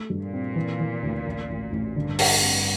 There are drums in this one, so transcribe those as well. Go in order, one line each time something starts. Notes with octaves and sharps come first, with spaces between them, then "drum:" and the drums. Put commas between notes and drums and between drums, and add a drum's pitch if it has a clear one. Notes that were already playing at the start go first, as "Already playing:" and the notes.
Already playing: A3
G2
A#2
C4
E3
E3
D2
A1
A1
A1
G2 D3
G4, drum: open hi-hat
C4